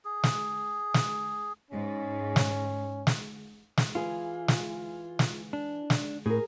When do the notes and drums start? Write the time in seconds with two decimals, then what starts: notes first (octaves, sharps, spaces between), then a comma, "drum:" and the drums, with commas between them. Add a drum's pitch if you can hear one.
0.05 G#4
0.23 drum: snare
0.94 drum: snare
1.71 G#2 C#4
2.36 drum: snare
3.07 drum: snare
3.77 drum: snare
3.95 E3 F4 G#4
4.48 drum: snare
5.19 drum: snare
5.53 D4
5.90 drum: snare
6.26 A2 G#4 A#4